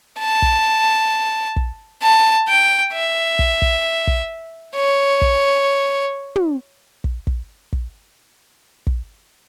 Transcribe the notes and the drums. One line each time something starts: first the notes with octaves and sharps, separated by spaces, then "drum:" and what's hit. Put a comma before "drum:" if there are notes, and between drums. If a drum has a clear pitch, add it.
A5
drum: kick
drum: kick
A5
G5
E5
drum: kick
drum: kick
drum: kick
C#5
drum: kick
drum: tom
drum: kick
drum: kick
drum: kick
drum: kick